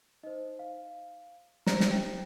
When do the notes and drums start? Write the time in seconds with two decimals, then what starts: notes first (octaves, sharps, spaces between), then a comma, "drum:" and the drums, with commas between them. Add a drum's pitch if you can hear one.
0.23 D#4 C5 D#5
0.59 F5
1.67 D#4 G4 C5 A#5, drum: snare
1.80 drum: snare
1.91 G5